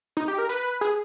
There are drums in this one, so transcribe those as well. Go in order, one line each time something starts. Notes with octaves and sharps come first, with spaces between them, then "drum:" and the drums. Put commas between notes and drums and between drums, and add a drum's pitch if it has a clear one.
D#4, drum: hi-hat
G4
A#4
B4, drum: hi-hat
G#4, drum: hi-hat